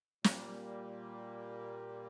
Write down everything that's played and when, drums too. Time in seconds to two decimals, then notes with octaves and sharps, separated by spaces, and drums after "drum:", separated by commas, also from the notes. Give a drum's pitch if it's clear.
0.24 A#2 G3 A#3, drum: snare